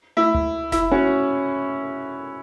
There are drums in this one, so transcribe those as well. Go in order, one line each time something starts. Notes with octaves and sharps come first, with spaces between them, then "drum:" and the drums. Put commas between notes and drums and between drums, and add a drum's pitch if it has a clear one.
E4, drum: tom
drum: tom C#2
E4, drum: snare F1
C#4 F#4